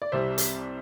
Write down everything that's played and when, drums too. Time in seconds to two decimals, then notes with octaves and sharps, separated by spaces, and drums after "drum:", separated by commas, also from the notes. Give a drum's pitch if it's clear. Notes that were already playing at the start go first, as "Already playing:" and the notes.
0.02 D5
0.12 C2 C3 G3 C5 E5
0.38 drum: hi-hat